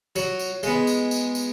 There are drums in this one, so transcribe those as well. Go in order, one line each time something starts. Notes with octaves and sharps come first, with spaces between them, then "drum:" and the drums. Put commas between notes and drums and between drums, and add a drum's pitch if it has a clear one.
F#3, drum: tambourine
drum: tambourine
G#3 B3, drum: tambourine
drum: tambourine
drum: tambourine
drum: tambourine